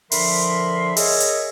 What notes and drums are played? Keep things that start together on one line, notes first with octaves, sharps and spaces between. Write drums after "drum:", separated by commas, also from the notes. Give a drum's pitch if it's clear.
D3 F3 A#4 E5 B5 C6, drum: open hi-hat
G#4 A#4 C#5 D#5 E5, drum: open hi-hat
drum: hi-hat